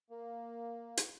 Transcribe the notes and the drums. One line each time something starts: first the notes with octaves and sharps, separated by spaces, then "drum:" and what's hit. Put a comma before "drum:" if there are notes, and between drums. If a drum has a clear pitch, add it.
A#3
drum: hi-hat